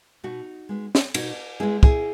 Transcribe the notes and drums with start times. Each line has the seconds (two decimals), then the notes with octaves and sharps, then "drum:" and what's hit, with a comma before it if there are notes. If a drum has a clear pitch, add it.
0.24 B2 D#4 F#4
0.69 G#3 B3
0.95 drum: snare
1.14 B2 D#4 F#4, drum: cymbal
1.60 G#3 B3 E4 G#4
1.83 E4 G#4, drum: kick